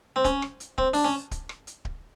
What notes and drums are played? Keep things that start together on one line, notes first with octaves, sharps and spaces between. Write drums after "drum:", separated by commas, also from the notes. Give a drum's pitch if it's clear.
C4
C#4, drum: kick D1, hi-hat
drum: rim click
drum: hi-hat
C4, drum: kick D1
D4, drum: open hi-hat
C#4
drum: kick D1, hi-hat
drum: rim click
drum: hi-hat
drum: kick D1